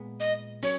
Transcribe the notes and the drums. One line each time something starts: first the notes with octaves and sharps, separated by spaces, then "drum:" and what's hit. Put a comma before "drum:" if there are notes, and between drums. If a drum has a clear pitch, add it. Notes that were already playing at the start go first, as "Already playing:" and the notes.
Already playing: A#2 G#3 B3
D#5
F#3 C#4 C#5, drum: open hi-hat